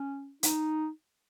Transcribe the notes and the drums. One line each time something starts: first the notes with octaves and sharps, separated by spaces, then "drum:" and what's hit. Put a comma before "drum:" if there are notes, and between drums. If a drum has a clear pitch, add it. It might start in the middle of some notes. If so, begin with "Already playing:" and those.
Already playing: C#4
D#4, drum: hi-hat